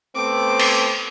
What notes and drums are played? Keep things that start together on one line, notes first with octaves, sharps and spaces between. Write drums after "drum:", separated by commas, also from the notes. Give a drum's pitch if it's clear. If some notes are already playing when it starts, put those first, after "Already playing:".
A3 B3 C4 D6
drum: cymbal